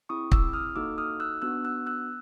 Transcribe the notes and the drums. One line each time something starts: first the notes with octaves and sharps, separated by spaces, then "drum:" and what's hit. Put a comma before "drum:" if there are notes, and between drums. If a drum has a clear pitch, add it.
C4 E4 G#4 C#6 D#6
D6 E6, drum: kick
D#6 F6
A#3 D#4 F#4 A4 D6 E6
D#6 F6
E6 F#6
B3 D4 F#4 E6 F#6
E6 F#6
E6 F#6